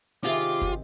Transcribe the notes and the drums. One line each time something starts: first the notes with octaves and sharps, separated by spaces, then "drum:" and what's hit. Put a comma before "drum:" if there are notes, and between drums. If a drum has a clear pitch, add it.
C3 D#3 C4 F4 G4 G#4 D6, drum: hi-hat
drum: kick